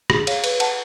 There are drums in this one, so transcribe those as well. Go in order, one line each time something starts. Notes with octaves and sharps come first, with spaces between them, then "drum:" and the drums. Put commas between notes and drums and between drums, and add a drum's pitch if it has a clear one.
G#4, drum: rim click
C#5 F5, drum: cymbal
B4, drum: cymbal
F#5 A5, drum: cymbal